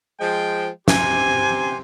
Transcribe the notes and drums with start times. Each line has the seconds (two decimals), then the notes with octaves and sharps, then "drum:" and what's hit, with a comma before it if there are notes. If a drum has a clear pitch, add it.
0.20 F3 G#3 G5
0.88 C3 G4 G#5 C6, drum: snare